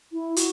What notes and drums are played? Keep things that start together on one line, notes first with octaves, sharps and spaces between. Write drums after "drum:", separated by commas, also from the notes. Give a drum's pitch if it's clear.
E4
F#4, drum: hi-hat